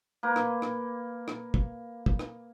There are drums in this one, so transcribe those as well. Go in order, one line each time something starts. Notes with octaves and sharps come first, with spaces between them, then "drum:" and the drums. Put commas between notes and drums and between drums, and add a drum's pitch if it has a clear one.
A#3 B4
drum: rim click
drum: rim click
drum: rim click
drum: kick
drum: kick
drum: rim click